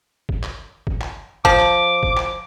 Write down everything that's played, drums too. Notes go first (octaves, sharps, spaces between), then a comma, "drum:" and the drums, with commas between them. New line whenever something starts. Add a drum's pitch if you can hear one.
drum: kick
drum: clap
drum: kick
drum: clap
F3 D6, drum: kick
drum: clap
drum: kick
drum: clap